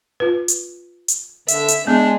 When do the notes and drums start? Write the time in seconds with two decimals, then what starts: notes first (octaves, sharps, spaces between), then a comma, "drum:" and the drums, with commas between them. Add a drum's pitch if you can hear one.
0.20 F4 B4
0.48 drum: hi-hat
1.08 drum: hi-hat
1.48 D3 E5, drum: hi-hat
1.68 drum: hi-hat
1.87 G#3 B3 D4